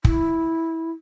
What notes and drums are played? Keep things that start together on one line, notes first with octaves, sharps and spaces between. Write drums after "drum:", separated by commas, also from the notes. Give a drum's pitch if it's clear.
E4, drum: kick